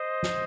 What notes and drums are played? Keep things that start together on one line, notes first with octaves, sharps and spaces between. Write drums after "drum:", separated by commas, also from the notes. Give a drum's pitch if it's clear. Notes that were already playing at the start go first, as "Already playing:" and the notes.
Already playing: C5 D#5
drum: snare